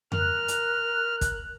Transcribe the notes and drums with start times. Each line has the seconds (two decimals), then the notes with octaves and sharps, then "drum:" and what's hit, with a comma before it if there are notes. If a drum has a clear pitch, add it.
0.12 A#4 F6 F#6, drum: tom F2
0.48 drum: hi-hat
1.21 drum: kick, hi-hat